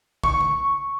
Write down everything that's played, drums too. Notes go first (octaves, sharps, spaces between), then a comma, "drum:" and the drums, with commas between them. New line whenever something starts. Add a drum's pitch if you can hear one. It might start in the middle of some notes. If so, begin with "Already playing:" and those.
C#6, drum: kick
drum: tom C#3